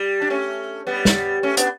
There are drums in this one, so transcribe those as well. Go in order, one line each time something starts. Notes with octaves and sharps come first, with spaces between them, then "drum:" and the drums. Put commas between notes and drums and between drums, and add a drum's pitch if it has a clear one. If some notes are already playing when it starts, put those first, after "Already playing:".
Already playing: G3
D4
A3 C#4
G3 B3
drum: snare
A3 C#4
B3 D4, drum: hi-hat